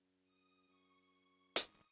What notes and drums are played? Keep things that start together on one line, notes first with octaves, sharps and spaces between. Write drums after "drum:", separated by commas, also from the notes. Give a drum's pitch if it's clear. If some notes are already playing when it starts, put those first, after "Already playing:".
Already playing: F#2
D#6
F#2 C#6
G#2 D#6, drum: hi-hat